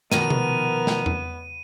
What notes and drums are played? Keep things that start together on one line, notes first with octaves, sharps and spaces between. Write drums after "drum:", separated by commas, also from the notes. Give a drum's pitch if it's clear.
B2 D#3 F3 B3 A#4 D#7, drum: snare
drum: tom C3
drum: snare
drum: tom E2